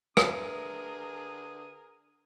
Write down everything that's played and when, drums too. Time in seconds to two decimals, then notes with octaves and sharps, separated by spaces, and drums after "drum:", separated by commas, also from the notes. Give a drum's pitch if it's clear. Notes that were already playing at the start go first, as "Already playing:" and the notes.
0.17 D3 G#4 A#4 B4 E5 D#6, drum: rim click